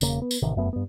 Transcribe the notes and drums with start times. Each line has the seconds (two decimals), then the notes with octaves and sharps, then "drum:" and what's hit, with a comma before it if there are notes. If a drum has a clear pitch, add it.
0.01 E1 C#3 A#3, drum: tambourine
0.22 B3
0.31 drum: tambourine
0.42 A1 C3 D#3
0.56 F1 F#2 A3 B3
0.73 G2 B3